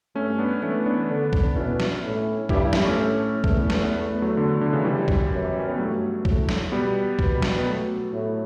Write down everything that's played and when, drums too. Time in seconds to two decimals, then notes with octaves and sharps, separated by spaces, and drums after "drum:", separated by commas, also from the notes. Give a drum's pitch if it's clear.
0.15 G2 A3 C#4
0.38 B3 D4
0.62 E3 A3 C#4
0.86 B3 D4
1.10 D3
1.33 drum: kick
1.56 B2 C#4 E4
1.80 drum: snare
2.04 A2
2.49 G2 E4 G4, drum: kick
2.73 C#4 E4, drum: snare
2.85 A3 C#4
2.96 A2 A3 C#4
3.44 E2 A3, drum: kick
3.57 B3
3.70 A3, drum: snare
3.83 B3
3.96 A3
4.09 B3
4.22 F#3 A3
4.37 D3
4.61 D3
4.73 C#3 E3
4.84 F#2 E3 G3
5.08 drum: kick
5.32 F#2
5.59 C#4
5.69 B3
5.78 G2 F#3 A3
6.25 A2, drum: kick
6.49 drum: snare
6.72 B2 G3 B3
7.19 B2, drum: kick
7.42 drum: snare
7.59 B3
7.66 F#3 A3
8.13 A2